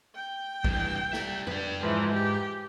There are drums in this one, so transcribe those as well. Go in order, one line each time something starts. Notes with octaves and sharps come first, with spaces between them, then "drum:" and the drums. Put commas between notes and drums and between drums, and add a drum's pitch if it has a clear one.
G5
G2 E3, drum: kick
G3 E5, drum: snare
D4 B4, drum: tom
G#2 E3 F3
G4